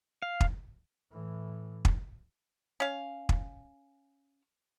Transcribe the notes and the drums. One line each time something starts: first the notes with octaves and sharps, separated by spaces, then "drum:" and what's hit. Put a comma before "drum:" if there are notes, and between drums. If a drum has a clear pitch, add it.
F5
drum: kick
A2 E3
drum: kick
C#4 F5
drum: kick